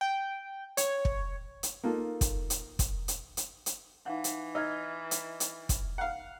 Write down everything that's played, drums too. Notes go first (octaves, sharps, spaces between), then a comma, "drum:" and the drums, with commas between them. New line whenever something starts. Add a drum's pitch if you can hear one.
G5
C#5, drum: hi-hat
drum: kick
drum: hi-hat
A#3 D#4 F4 A4
drum: kick, hi-hat
drum: hi-hat
drum: kick, hi-hat
drum: hi-hat
drum: hi-hat
drum: hi-hat
E3 D#4 F5 F#5
drum: hi-hat
D#4 E6 F6 G#6
drum: hi-hat
drum: hi-hat
drum: kick, hi-hat
F5 F#5